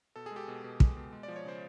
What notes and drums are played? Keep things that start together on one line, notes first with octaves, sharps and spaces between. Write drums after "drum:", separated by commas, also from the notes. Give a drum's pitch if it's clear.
B2 A4
G#4
G#3 G4 A4
B2
B2
G#3, drum: kick
B2
G#3
F3 D5
C#5
C#3 C5